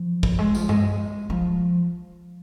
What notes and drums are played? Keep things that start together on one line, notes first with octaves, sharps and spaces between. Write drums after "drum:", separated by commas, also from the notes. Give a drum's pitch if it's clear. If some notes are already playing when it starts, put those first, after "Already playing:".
Already playing: F3
drum: kick
G#3
F3, drum: tambourine
G#3, drum: tom G2
F3